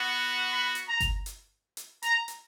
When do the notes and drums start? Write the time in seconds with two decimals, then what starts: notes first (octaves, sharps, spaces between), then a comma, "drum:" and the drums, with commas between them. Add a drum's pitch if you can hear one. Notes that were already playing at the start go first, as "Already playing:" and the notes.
Already playing: B3 F#4
0.49 B5
0.75 drum: hi-hat
0.88 A#5
1.00 drum: kick G1, hi-hat
1.26 drum: hi-hat
1.77 drum: hi-hat
2.02 A#5, drum: hi-hat
2.28 drum: hi-hat